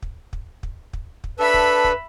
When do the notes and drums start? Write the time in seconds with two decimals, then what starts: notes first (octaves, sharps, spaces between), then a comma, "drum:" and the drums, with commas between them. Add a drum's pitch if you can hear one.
0.02 drum: kick
0.33 drum: kick
0.63 drum: kick
0.93 drum: kick
1.24 drum: kick
1.39 D4 A4 B4 E5 B5
1.54 drum: kick
1.84 drum: kick